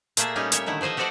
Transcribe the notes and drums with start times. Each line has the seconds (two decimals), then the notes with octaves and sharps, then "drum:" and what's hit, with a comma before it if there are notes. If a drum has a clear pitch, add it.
0.17 A#2 A3 A#3 G#4 E5 A5, drum: hi-hat
0.36 G3 C#4 D#4 G4
0.52 A#2 C#5 E5, drum: hi-hat
0.66 D3 D#3 A3 E4
0.81 F3 B4 C5 D#5 E5
0.97 F#4 G4 A4 C5 D5 F#5